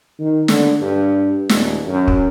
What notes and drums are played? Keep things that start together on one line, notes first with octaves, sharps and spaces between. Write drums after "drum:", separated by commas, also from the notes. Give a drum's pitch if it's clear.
D#3
D3, drum: snare
G2
D#1, drum: snare
F#2
drum: kick